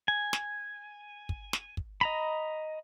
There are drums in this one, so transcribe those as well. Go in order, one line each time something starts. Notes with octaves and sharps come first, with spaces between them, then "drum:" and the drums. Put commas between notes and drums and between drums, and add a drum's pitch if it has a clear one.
G#5
drum: snare
drum: kick
drum: snare
drum: kick
D#5 A#5 B5